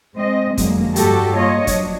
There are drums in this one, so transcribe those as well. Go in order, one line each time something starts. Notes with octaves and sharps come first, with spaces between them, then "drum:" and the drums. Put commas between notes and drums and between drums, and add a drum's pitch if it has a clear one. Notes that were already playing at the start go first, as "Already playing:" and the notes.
G#3 C4 D#5
F2 D3 F#3 G#3 A#3, drum: kick, hi-hat
G2 G3 G#3 F#4 G4 A4, drum: hi-hat
A#3 F4 C#5 D#5
F3 F#3 D4, drum: kick, hi-hat